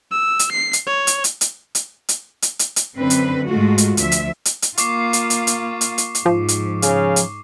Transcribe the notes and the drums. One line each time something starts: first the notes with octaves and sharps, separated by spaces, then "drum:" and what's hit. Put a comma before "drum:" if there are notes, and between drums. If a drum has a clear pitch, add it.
E6
drum: hi-hat
C7
drum: hi-hat
C#5
drum: hi-hat
drum: hi-hat
drum: hi-hat
drum: hi-hat
drum: hi-hat
drum: hi-hat
drum: hi-hat
drum: hi-hat
F#2 D3 C4 B4
drum: hi-hat
G#2 G#3 A3 F4 F#4
drum: hi-hat
D2 F3 E5, drum: hi-hat
drum: hi-hat
drum: hi-hat
drum: hi-hat
A#3 F4 C#6 D6 C7, drum: hi-hat
drum: hi-hat
drum: hi-hat
drum: hi-hat
drum: hi-hat
drum: hi-hat
drum: hi-hat
G#2 F3
drum: hi-hat
C#3 G#4 F5, drum: hi-hat
drum: hi-hat